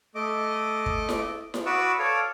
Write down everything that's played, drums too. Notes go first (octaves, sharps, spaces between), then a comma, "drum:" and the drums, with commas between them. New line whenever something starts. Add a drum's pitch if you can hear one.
A3 D#5 D6
drum: kick
drum: snare E4
drum: snare E4
F#4 B4 D5 C#6 D#6 E6
A4 C#5 D5 F5